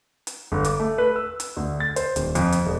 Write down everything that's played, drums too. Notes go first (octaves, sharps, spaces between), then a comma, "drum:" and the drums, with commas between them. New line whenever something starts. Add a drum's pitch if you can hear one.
drum: hi-hat
G1
D6, drum: hi-hat
A3
B4
E6
drum: hi-hat
D2
A6
C5, drum: hi-hat
D#1, drum: hi-hat
F2, drum: hi-hat
drum: hi-hat
E1